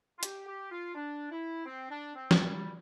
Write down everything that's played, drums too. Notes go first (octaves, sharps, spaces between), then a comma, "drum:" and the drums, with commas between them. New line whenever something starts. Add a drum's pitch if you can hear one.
F4
G4, drum: hi-hat
G4
F4
D4
E4
C4
D4
C4
F3, drum: snare
G3